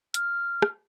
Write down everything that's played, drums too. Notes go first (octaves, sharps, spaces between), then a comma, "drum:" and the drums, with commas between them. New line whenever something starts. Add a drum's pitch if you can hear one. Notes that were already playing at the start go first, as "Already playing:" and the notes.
F6, drum: hi-hat
drum: rim click